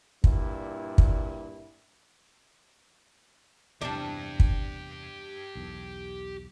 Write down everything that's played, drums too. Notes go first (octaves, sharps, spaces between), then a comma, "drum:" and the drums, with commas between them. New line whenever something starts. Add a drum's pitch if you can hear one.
G2 A#2 E4, drum: kick
drum: kick
E2 C3 G3 D4 G4 A5
drum: kick
B1 E2